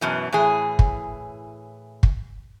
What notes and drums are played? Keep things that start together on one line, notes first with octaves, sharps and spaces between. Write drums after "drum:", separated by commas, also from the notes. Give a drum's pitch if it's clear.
F#2 B2 E3
A2 E3 G#4
drum: kick
drum: kick